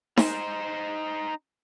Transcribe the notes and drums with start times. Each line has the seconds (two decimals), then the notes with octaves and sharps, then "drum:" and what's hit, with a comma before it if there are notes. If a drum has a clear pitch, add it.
0.17 D#4 C5, drum: snare D#4